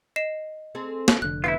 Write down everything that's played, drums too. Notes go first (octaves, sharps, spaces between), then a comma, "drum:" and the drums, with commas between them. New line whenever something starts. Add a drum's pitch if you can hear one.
D#5 C7 E7
C4 G#4 A4
drum: snare
F1 D3 F#6
F3 B3 E4 F4 B4